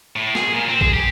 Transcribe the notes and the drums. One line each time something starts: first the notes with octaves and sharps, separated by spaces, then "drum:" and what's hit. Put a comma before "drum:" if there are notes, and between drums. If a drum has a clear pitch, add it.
A2
G#4, drum: snare
A#2
C4
G#4, drum: kick A#1
G4